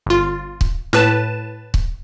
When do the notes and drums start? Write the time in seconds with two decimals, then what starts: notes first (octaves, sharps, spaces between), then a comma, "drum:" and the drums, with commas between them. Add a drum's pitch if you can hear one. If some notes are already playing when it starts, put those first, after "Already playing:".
0.06 G1 F4
0.61 drum: kick C#1
0.93 A2 B4 A5 E7, drum: snare
1.74 drum: kick C#1